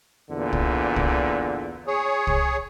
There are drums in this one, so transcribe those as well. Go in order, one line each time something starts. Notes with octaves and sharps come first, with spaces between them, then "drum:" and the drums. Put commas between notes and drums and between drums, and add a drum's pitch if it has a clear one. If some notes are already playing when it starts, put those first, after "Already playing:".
E2 A#2 D3
drum: kick
drum: kick
G#4 C#5
drum: kick